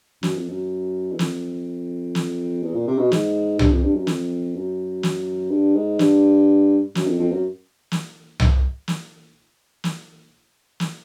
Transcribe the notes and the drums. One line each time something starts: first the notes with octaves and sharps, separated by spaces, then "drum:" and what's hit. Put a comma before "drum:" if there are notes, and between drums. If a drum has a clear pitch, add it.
F#2, drum: snare
F2
F#2
E2
F2, drum: snare
drum: snare
E2
A#2
C3
B2
G#2, drum: snare
G2, drum: tom C2
F2
G2
F#2
F2, drum: snare
F#2
drum: snare
G2
G#2
G2, drum: snare
F#2, drum: snare
F2
F2
F#2
drum: snare
drum: tom C2
drum: snare
drum: snare
drum: snare